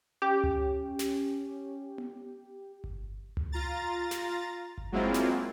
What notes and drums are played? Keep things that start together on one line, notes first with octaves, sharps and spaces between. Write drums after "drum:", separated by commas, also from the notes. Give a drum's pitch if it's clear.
C#4 G4
drum: tom C#2
drum: snare
drum: tom B3
drum: kick G1
drum: tom C#2
F4 A#5 A6
drum: snare
drum: kick G1
F#3 G#3 A#3 C4 E4 F4
drum: snare